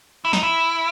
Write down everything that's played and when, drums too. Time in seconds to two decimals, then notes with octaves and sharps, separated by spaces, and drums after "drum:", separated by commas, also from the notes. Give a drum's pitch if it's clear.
0.25 E4
0.33 D#4, drum: snare
0.43 E4